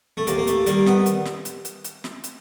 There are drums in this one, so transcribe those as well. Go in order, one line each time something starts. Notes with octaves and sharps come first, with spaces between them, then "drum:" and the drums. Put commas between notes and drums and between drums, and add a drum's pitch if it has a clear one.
A3
D#2 A#3, drum: hi-hat
A#3
A3, drum: hi-hat
D#3 G3 A#3, drum: hi-hat
B3, drum: snare
drum: hi-hat
drum: snare
drum: hi-hat
drum: hi-hat
drum: hi-hat
drum: snare
drum: hi-hat